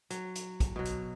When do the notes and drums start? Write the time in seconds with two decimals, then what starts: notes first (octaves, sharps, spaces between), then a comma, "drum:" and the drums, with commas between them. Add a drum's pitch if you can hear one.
0.10 F#3, drum: hi-hat
0.35 drum: hi-hat
0.60 drum: kick, hi-hat
0.76 B2 F#3
0.85 drum: hi-hat